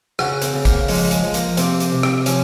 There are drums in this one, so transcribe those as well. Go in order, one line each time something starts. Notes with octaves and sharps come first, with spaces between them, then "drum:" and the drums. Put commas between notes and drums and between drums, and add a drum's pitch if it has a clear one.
C#3 F#4, drum: rim click
C4, drum: hi-hat
C#3
A#3, drum: kick, hi-hat
F3 G#3, drum: open hi-hat
G#3, drum: hi-hat
F3
A#3, drum: hi-hat
C3 C4, drum: hi-hat
drum: hi-hat
C3
drum: rim click
F3 C#4, drum: hi-hat